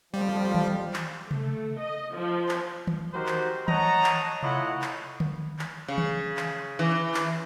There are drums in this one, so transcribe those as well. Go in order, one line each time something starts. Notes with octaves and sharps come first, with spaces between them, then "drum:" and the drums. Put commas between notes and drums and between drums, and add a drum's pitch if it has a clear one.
F2 F3 G3
drum: tom D#3
drum: clap
A3, drum: tom C3
D#5
F3
drum: clap
drum: tom D#3
D#4 F#4 G4 A#4 C5
drum: clap
C#5 D#5 F#5 A5 A#5, drum: tom D#3
drum: clap
A3 E4 F4 C#5 D#5 F#5, drum: tom C3
drum: clap
drum: tom D3
drum: clap
C#3
drum: tom D#3
drum: clap
E3
drum: clap